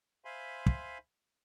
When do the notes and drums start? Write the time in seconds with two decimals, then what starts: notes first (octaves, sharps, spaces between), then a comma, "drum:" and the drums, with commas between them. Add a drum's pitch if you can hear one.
0.25 C5 E5 F5 G#5 B5 C6
0.66 drum: kick